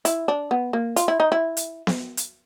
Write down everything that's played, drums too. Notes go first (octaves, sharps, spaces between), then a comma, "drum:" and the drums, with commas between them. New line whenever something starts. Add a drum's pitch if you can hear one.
E4, drum: hi-hat
D4
B3
A#3
F4, drum: hi-hat
E4
D#4
E4
drum: hi-hat
drum: snare B3
drum: hi-hat